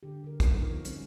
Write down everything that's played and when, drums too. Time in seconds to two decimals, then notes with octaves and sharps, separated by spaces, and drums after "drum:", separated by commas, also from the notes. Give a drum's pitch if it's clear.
0.03 D3 G4
0.24 D3 A#4
0.40 B3 D#4 F#4 A#4, drum: kick, hi-hat
0.53 F3 A#4
0.85 G3 C4 C#4, drum: hi-hat